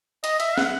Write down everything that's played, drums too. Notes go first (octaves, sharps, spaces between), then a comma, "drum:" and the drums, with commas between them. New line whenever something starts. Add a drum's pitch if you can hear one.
D#5, drum: hi-hat
E5, drum: hi-hat
F#5, drum: snare